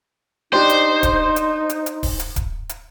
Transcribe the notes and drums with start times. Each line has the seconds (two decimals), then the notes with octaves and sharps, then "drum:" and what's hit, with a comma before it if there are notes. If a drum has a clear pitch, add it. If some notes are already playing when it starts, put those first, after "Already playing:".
0.53 D4 D#4 G4 C5 D5
0.70 drum: hi-hat
1.03 drum: kick D1, hi-hat
1.36 drum: hi-hat
1.70 drum: hi-hat
1.86 drum: hi-hat
2.03 drum: kick D1, open hi-hat
2.19 drum: hi-hat
2.36 drum: kick D1, hi-hat
2.69 drum: hi-hat